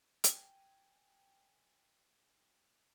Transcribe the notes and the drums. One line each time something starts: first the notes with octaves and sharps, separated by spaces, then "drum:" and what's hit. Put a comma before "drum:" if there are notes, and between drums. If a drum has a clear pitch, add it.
G5 G#5, drum: hi-hat